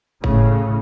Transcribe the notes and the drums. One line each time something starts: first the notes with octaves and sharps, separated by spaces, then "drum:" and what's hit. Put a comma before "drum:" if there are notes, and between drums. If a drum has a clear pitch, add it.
A2 C#3, drum: kick G1